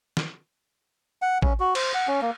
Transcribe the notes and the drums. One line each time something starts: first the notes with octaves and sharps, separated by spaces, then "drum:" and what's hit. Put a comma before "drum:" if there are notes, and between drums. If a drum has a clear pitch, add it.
drum: snare
F#5
C#4, drum: kick
F#4
C5, drum: cymbal
F#5
C#4
A#3